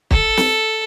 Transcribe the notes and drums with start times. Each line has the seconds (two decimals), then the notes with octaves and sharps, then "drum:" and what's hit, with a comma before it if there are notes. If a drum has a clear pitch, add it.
0.11 A4, drum: kick
0.37 drum: snare